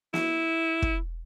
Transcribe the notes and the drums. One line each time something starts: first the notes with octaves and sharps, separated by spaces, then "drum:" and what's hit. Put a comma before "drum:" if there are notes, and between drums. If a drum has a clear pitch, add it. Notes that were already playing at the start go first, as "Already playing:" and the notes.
E4, drum: snare
drum: kick